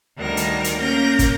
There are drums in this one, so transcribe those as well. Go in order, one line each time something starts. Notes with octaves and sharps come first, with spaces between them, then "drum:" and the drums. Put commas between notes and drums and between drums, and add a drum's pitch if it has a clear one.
D2 D#3 G3 A#4 F#5 A#6
drum: hi-hat
drum: hi-hat
A#3 C#4 A#4 G6 A#6
drum: kick, hi-hat